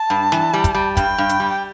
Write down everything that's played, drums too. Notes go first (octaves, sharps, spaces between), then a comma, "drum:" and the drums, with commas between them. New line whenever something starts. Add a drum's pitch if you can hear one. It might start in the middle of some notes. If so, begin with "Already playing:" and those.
Already playing: A5
G2
E3, drum: snare
G3
drum: kick, hi-hat
G3
G2 G5, drum: kick, hi-hat
G2
drum: hi-hat
G3